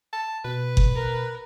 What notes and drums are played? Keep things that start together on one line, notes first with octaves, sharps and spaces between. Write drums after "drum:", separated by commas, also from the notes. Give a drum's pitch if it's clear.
A5
B2 B4
drum: kick F#1
A#4